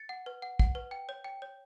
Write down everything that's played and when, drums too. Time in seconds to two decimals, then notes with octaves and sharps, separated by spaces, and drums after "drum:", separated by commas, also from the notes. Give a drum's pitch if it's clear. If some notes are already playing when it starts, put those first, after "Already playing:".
Already playing: A6 C#7
0.09 F#5
0.26 B4
0.42 F#5
0.59 F#5, drum: kick
0.75 B4
0.91 G5
1.09 C#5
1.24 G5
1.42 C#5